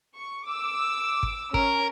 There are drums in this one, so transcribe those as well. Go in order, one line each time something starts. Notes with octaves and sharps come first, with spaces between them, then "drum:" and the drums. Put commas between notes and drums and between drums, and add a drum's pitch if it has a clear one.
C#6
D6 E6
drum: kick
C#4 A#4, drum: kick